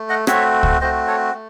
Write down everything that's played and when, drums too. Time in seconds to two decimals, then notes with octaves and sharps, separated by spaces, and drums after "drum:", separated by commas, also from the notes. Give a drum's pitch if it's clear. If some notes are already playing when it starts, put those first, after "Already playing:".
Already playing: A3
0.09 D#5 F#5
0.27 A3 C4 F#4 C#5 E5, drum: rim click
0.63 drum: kick C#2
0.81 A3 C4 F#4 C5 D#5
1.08 A4 C#5
1.34 A3